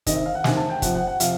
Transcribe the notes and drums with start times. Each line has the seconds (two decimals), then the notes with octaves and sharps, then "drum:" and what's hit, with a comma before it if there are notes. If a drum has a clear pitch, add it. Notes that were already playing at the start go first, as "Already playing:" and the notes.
0.06 C3 D#3 D#5, drum: kick, hi-hat
0.16 E5
0.26 F5
0.35 F#5
0.44 C3 D#3 G#5, drum: snare
0.57 A5
0.70 G5
0.82 C3 F3 F#5, drum: kick, hi-hat
0.95 F#5
1.07 F#5
1.20 C3 F3 F5, drum: hi-hat